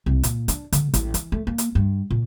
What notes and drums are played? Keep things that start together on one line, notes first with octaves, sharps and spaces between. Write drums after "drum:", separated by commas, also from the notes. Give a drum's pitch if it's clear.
C2
A#2, drum: hi-hat
D4, drum: hi-hat
D3, drum: hi-hat
A1, drum: kick, hi-hat
E3, drum: hi-hat
A3
A#3
drum: hi-hat
G2
A#2